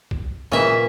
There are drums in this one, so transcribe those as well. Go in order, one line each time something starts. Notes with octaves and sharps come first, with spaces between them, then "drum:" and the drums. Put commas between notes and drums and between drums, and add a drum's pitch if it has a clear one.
drum: kick
A#2 C#3 E3 E5